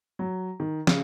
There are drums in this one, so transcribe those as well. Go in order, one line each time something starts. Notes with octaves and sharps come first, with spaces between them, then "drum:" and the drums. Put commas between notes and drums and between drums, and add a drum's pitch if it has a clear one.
F#3
D#3
C#3, drum: snare